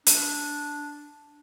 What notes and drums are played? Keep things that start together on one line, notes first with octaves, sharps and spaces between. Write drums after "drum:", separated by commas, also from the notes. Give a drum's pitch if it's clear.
D4, drum: hi-hat